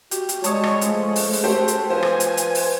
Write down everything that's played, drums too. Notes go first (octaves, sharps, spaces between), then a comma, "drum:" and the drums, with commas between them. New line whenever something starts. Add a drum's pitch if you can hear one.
F#4 G4, drum: hi-hat
drum: hi-hat
G3 G#3 C#5 A5 D#6, drum: hi-hat
drum: rim click
F3 A3 C#4 G#4, drum: hi-hat
drum: open hi-hat
drum: open hi-hat
F#4 G4 A4 C5
drum: hi-hat
F3 B4 C5 G#5
drum: rim click
drum: hi-hat
drum: hi-hat
drum: open hi-hat